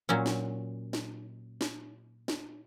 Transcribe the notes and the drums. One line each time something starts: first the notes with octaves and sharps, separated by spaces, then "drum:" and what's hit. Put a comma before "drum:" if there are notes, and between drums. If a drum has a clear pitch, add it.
A#2 F#3 C#4
drum: snare
drum: snare
drum: snare
drum: snare